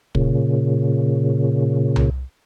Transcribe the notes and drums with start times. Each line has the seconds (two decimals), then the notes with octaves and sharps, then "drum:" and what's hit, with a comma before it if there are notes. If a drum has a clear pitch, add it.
0.15 A#2 C#3, drum: kick
1.96 drum: tom C2